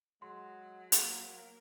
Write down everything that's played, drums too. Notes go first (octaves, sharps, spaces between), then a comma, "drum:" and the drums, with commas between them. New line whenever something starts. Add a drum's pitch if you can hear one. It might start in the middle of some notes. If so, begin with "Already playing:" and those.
F#3 G#3 C6
A#3 F4 A#4, drum: hi-hat